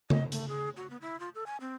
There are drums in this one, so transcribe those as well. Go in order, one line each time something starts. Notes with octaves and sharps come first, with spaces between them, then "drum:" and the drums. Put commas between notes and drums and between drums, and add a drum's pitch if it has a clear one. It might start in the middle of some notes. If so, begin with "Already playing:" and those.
D#5, drum: tom C#3
A3, drum: hi-hat
G#4
F#4
B3
E4
F4
A4
G#5
C4